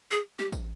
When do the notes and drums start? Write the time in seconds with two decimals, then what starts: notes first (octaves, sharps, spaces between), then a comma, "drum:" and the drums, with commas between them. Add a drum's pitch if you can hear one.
0.11 G#4
0.39 G4, drum: snare
0.52 drum: kick, tambourine